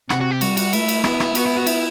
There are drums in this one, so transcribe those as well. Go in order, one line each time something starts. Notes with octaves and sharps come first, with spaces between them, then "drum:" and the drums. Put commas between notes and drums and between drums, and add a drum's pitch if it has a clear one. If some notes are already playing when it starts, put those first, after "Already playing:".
C3 F#4, drum: rim click
F#4
G4
G3 F#4, drum: cymbal
F#4, drum: cymbal
A3 E4, drum: cymbal
drum: cymbal
B3 E4, drum: rim click
E4, drum: rim click
B3 F#4, drum: cymbal
E4
F#4
E4, drum: cymbal